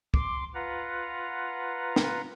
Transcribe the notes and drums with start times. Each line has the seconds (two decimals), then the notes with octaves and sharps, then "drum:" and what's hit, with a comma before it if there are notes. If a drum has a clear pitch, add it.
0.14 C6 D6, drum: kick
0.54 F4 B4 F#5 A#5
1.96 drum: snare